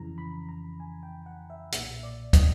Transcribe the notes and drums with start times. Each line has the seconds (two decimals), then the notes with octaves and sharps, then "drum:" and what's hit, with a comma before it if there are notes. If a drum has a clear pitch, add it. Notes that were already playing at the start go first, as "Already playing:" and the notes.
Already playing: F2 C#3 E3 A#5
0.18 B5
0.49 A#5
0.80 G#5
1.03 G5
1.26 F#5
1.50 E5
1.72 B1 A#2 E5, drum: hi-hat
2.03 D5
2.33 D#5, drum: kick, hi-hat